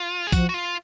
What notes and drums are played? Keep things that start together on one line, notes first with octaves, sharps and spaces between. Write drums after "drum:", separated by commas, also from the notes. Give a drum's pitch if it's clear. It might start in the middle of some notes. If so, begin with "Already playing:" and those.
Already playing: F4
G#4
F3 F#4, drum: kick, tambourine
F#4
F4